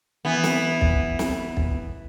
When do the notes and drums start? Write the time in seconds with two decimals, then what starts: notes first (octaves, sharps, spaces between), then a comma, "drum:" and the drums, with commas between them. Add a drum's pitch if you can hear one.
0.25 E3 B3
0.44 drum: snare
0.81 drum: kick
1.19 drum: snare
1.57 drum: kick